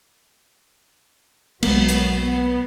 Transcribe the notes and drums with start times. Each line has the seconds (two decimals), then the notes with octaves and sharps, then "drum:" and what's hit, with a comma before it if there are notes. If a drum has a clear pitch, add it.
1.63 B1 F#3 G#3 A#3 B3, drum: cymbal
1.89 drum: hi-hat
2.16 B3